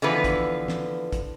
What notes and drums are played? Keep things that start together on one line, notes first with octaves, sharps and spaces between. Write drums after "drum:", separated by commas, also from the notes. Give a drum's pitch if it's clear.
D3 E3 F3 B3 B4
drum: kick, hi-hat
drum: snare
drum: kick, hi-hat